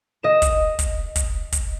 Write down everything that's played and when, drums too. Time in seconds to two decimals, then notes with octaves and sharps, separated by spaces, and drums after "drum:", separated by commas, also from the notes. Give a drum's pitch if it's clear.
0.23 D#5 E7
0.42 drum: kick, hi-hat
0.79 drum: kick, hi-hat
1.16 drum: kick, hi-hat
1.52 drum: kick, hi-hat